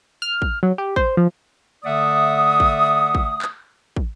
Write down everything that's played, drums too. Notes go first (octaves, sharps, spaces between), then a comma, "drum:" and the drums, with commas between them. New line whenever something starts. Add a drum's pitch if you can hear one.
F6
drum: kick
F#3
G4
C5, drum: kick
F3
D3 A3 D5 E5 F#5 D#6
drum: kick
drum: kick
drum: clap
drum: kick